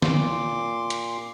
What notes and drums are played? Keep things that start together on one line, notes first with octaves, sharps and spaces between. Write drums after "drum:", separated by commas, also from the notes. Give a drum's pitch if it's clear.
A#2 C6 D6, drum: snare
drum: hi-hat